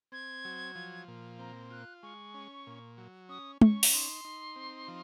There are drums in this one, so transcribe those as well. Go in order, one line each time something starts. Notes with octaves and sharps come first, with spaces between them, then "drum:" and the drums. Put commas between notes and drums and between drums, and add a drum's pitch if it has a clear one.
C4 G#6
F#3
F3
A#2
C4 A#5
F4 F#6
G#3 C#6
C#4
A#2
F#3
C#4 D#6
C#4 C#6, drum: tom
drum: open hi-hat
D#4 C6
D#4
C4
F3